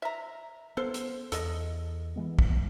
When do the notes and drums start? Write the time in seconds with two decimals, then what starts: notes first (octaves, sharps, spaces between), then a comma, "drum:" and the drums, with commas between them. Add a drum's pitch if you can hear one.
0.02 E5 A#5
0.77 B3 A4 C5
0.94 drum: hi-hat
1.32 E2 A4 D#5, drum: hi-hat
2.16 E3 G#3 B3
2.39 drum: kick